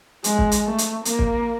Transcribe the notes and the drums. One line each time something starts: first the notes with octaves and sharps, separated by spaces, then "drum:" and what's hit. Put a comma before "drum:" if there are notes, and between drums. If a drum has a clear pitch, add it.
G#3, drum: hi-hat
drum: kick
drum: hi-hat
A3
drum: hi-hat
A#3, drum: hi-hat
drum: kick